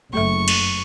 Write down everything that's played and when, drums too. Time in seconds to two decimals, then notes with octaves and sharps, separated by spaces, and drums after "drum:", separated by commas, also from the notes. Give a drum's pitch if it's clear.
0.13 F#1 A3 A4 E5 C#6
0.48 drum: cymbal